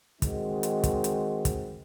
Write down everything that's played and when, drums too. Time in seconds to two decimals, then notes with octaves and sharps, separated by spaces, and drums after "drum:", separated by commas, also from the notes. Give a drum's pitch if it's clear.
0.22 D#3 G#3 C4 D#4 F#4, drum: kick, hi-hat
0.63 drum: hi-hat
0.84 drum: kick, hi-hat
1.04 drum: hi-hat
1.45 drum: kick, hi-hat